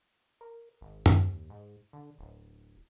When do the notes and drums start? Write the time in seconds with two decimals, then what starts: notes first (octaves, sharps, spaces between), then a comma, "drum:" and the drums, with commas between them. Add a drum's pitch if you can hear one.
0.41 A#4
0.81 G#1
1.06 D#2, drum: tom F#2
1.50 G#2
1.93 D3
2.19 D1